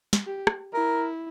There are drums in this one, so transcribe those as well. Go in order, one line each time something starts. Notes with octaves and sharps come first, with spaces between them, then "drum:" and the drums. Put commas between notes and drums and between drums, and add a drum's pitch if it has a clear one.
drum: snare
G4
drum: rim click
E4 A#4